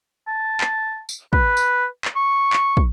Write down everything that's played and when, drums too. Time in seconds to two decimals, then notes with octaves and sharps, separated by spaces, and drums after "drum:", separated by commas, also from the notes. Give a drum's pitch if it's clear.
0.27 A5
0.61 drum: clap
1.09 drum: tambourine
1.33 B4, drum: kick
1.57 drum: tambourine
2.05 drum: clap
2.16 C#6
2.53 drum: clap
2.77 drum: kick